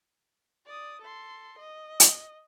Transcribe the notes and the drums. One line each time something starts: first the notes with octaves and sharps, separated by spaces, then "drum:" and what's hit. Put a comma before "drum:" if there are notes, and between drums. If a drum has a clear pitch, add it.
D5 D#6
A4 C6
D#5
drum: hi-hat